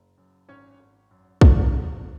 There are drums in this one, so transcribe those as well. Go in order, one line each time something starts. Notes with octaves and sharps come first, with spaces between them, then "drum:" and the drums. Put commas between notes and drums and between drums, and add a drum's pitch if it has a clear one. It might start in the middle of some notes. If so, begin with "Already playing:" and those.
Already playing: F#1
F#2
G#1 C#4 C#5
G#1
F#2
C#2 F#3 F#4, drum: kick
C#2
C#3